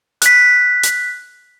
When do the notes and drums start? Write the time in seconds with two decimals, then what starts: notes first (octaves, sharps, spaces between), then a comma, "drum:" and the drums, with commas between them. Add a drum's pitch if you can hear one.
0.22 F#6 B6, drum: hi-hat
0.83 drum: hi-hat